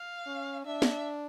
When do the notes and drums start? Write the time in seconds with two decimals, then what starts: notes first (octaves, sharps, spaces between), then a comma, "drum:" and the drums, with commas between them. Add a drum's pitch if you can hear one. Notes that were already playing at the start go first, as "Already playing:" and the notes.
Already playing: F5
0.27 C#4
0.65 D4 E5
0.82 drum: snare